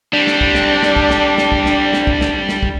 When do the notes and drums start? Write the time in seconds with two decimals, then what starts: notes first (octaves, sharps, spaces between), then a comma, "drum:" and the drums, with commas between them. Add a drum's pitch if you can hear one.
0.13 G3 C4 D4
0.27 drum: snare
0.41 drum: kick
0.55 drum: snare
0.83 drum: snare
0.96 drum: kick
1.10 drum: snare
1.38 drum: snare
1.52 drum: kick
1.66 drum: snare
1.93 drum: snare
2.07 drum: kick
2.21 drum: snare
2.49 drum: snare
2.63 drum: kick